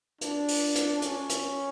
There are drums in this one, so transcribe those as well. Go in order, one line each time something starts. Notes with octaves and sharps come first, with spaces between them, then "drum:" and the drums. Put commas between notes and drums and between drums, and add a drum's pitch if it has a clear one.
D4, drum: hi-hat
drum: open hi-hat
drum: hi-hat
C#4, drum: hi-hat
drum: hi-hat